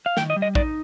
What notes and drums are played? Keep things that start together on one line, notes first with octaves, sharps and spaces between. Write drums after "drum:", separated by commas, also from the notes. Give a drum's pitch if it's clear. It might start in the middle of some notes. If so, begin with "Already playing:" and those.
F5
D#3 G5, drum: snare
D#5
G3
D#5
D#4 D5, drum: kick